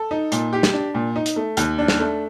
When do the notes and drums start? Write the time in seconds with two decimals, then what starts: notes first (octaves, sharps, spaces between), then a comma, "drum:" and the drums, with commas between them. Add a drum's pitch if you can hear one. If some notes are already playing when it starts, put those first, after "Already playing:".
Already playing: A4
0.11 D#4
0.32 A#2, drum: hi-hat
0.53 G4
0.63 drum: snare
0.73 D4
0.94 A#2
1.16 D#4
1.26 drum: hi-hat
1.36 A3
1.57 D#2, drum: hi-hat
1.78 D4
1.88 drum: snare
1.99 A3